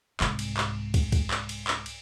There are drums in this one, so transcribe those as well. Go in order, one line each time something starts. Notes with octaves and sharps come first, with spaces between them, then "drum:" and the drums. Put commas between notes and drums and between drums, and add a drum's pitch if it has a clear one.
C2 G#2, drum: clap
drum: cymbal
drum: clap
drum: kick, cymbal
drum: kick, cymbal
drum: clap
drum: cymbal
drum: clap
drum: cymbal